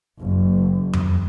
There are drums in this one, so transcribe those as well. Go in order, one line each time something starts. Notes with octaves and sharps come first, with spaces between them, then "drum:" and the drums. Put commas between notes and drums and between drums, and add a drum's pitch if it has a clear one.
F#1
drum: tom F2